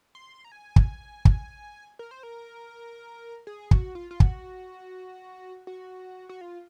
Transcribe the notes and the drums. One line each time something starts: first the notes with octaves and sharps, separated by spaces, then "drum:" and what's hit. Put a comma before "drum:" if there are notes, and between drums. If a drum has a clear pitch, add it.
C6
A#5
G#5
drum: kick
drum: kick
A#4
C5
A#4
G#4
F#4, drum: kick
F4
F4
F#4, drum: kick
F#4
F#4
F4